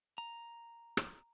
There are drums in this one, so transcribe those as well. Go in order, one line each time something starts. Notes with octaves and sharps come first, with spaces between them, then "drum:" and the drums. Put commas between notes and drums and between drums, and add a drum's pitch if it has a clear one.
A#5
drum: rim click